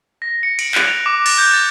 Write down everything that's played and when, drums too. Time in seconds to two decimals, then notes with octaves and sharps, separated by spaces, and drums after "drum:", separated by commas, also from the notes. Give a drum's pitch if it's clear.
0.22 A#6
0.43 C#7
0.59 D7, drum: cymbal
0.75 F#6, drum: clap
0.88 F7
1.06 D6
1.26 A6, drum: cymbal
1.38 G6
1.54 A6